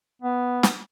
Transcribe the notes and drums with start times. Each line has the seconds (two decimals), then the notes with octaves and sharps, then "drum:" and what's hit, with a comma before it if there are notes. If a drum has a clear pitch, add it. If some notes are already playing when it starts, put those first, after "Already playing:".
0.22 B3
0.63 drum: snare